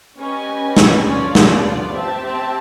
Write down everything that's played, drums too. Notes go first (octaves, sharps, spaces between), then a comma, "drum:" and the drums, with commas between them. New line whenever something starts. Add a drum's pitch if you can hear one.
C#4 G4 B4 D#5 G#5
C#4
drum: snare
C#4 D4 F4 A4 D5
drum: snare
B3
C4 G4 C5 E5 A5
C4